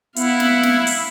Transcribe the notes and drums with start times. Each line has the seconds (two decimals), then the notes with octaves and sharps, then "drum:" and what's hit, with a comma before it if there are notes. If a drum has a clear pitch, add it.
0.16 B3 E4 F5 F#5, drum: hi-hat
0.40 drum: snare
0.63 drum: snare
0.87 drum: open hi-hat